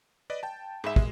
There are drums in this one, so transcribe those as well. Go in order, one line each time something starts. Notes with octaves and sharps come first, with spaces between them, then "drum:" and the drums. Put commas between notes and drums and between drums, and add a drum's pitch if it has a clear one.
B4 D5 D#5
G5 A5
G#2 G#4 E5 B5 E7
G#3, drum: kick